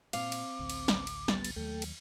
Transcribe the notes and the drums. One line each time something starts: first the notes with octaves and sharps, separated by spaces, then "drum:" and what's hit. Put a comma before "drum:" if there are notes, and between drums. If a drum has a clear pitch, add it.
A#2 C4 F5 D6, drum: cymbal
drum: cymbal
A1 D2
drum: cymbal
drum: snare
drum: cymbal
G3 B3 A6, drum: snare
drum: cymbal
D#2 D#3 F#3 A3 A4 G5
drum: cymbal